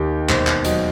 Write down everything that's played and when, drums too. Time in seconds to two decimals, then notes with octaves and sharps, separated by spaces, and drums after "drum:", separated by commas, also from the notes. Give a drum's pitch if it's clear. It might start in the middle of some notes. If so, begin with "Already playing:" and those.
Already playing: D#2 D#3 G4
0.29 E1 C5, drum: clap
0.47 drum: clap
0.65 F#3 D#5, drum: hi-hat